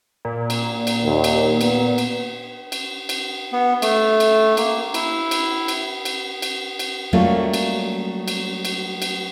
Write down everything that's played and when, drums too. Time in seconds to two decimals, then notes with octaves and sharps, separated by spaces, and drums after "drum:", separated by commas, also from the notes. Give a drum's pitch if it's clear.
0.25 A#2
0.50 drum: cymbal
0.87 drum: cymbal
1.04 D#2
1.24 drum: cymbal
1.61 B3, drum: cymbal
1.98 drum: cymbal
2.72 drum: cymbal
3.09 drum: cymbal
3.52 B3
3.82 A3, drum: cymbal
4.20 drum: cymbal
4.57 A#3, drum: cymbal
4.94 E4, drum: cymbal
5.31 drum: cymbal
5.68 drum: cymbal
6.05 drum: cymbal
6.42 drum: cymbal
6.79 drum: cymbal
7.13 F#3 G3 A3 A#3 C#4 F4
7.54 drum: cymbal
8.28 drum: cymbal
8.65 drum: cymbal
9.02 drum: cymbal